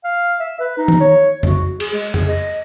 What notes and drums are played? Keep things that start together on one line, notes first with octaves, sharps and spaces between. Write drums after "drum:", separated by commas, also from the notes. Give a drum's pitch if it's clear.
F5
E5
B4
D#4
drum: tom D#3
C#5
F#4, drum: tom F2
G#4, drum: cymbal
G#3
G#4, drum: tom F2
D#5